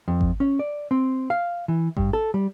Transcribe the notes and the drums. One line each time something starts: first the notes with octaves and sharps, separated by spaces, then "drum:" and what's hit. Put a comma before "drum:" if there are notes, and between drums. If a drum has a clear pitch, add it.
F2
drum: kick G#1
C#4
D5
C4
F5
E3
G2, drum: kick G#1
A4
G3